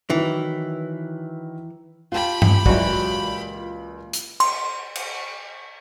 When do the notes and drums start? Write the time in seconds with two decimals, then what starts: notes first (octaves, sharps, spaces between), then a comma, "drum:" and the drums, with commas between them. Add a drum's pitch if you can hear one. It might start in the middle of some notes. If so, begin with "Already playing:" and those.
0.10 D#3 E3 F#3
2.12 F4 G4 F5 G5 A5 B5
2.42 drum: tom G2
2.66 C#2 A#2 E3 F#3 F4 F#4 D5, drum: kick
4.13 drum: hi-hat
4.40 C6, drum: cymbal
4.95 drum: cymbal